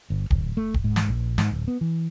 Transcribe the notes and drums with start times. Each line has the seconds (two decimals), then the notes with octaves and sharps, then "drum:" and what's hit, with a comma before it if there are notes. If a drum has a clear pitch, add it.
0.10 G1
0.30 D1, drum: kick
0.57 A3
0.74 drum: kick
0.84 G#2
0.96 drum: snare
1.09 A#1
1.38 G#2, drum: snare
1.51 D1
1.68 B3
1.81 E3